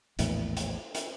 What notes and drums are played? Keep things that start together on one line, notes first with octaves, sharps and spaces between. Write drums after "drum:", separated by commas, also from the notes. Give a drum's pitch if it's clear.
A#1 E2 A2, drum: hi-hat
drum: hi-hat
drum: hi-hat